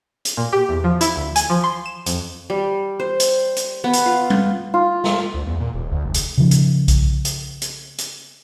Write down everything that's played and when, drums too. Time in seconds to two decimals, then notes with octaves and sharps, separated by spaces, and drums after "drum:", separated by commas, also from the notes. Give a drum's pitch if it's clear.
0.25 drum: hi-hat
0.37 A#2
0.53 G4
0.69 E2
0.84 F3
1.01 E4, drum: hi-hat
1.16 D2
1.36 G#5, drum: hi-hat
1.50 F3
1.64 C6
1.86 E7
2.06 F2, drum: hi-hat
2.50 G3
3.00 C5
3.20 drum: hi-hat
3.57 drum: hi-hat
3.84 B3
3.93 drum: hi-hat
4.06 F4
4.30 drum: tom G3
4.74 F4
5.04 drum: snare
5.34 D2
5.47 E2
5.60 A#2
5.74 D#1
5.91 D2
6.05 F1
6.14 drum: hi-hat
6.38 C#3 F3
6.51 drum: hi-hat
6.88 drum: kick B1, hi-hat
7.25 drum: hi-hat
7.62 drum: hi-hat
7.98 drum: hi-hat